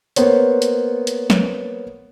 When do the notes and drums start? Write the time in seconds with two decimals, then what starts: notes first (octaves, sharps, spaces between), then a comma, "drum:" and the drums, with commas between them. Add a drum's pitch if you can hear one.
0.16 A#3 B3 C5 C#5, drum: hi-hat
0.62 drum: hi-hat
1.07 drum: hi-hat
1.30 drum: snare